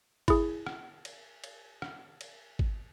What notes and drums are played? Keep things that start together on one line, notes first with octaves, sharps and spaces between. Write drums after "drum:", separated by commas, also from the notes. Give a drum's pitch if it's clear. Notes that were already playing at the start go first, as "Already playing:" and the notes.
E4 G#4, drum: kick G#1, cymbal
drum: rim click
drum: cymbal
drum: cymbal
drum: rim click
drum: cymbal
drum: kick G#1